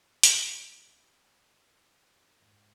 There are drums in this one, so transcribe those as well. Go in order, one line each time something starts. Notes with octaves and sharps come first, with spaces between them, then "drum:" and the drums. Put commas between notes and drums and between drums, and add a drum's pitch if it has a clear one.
drum: hi-hat
A#4
G#2